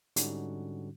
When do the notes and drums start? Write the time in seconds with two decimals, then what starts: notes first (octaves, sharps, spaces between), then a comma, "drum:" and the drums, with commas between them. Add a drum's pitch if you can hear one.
0.16 G#2 D3 G3 C#4 D#4 F#4, drum: hi-hat